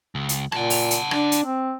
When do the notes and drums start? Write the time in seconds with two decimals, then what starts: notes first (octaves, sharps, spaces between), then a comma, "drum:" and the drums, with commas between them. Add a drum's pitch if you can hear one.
0.15 C#2
0.29 drum: hi-hat
0.52 A#2 F#5 A5, drum: rim click
0.70 drum: open hi-hat
0.91 drum: hi-hat
1.11 D4, drum: rim click
1.32 drum: hi-hat
1.45 C4